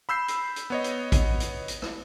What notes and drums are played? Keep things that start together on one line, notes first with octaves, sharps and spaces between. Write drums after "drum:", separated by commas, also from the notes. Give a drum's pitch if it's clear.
B5 E6 G6 C7
drum: hi-hat
drum: hi-hat
B3 C#5 D#5
drum: hi-hat
drum: kick A1, hi-hat
drum: hi-hat
drum: hi-hat
drum: rim click